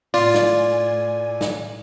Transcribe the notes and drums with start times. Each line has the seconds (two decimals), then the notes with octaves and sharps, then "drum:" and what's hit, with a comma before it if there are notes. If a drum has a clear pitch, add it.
0.14 A2 F4 D5 G#5, drum: open hi-hat
0.34 drum: snare
1.41 drum: snare